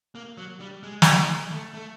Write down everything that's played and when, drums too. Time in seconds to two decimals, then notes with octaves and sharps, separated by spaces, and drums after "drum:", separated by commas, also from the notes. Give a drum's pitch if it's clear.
0.15 A#3
0.38 F#3
0.60 G3
0.83 G#3
1.02 drum: snare
1.17 G#3
1.51 A3
1.74 A3